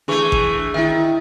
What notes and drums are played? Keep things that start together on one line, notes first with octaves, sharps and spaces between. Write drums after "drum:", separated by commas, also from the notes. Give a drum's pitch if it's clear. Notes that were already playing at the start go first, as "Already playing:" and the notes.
E3 A3 D4 G#4 C#6
drum: kick G#1
D#3 E4 E5